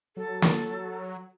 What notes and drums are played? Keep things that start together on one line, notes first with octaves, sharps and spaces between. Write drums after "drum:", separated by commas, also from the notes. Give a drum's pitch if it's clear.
F#3 A4
drum: snare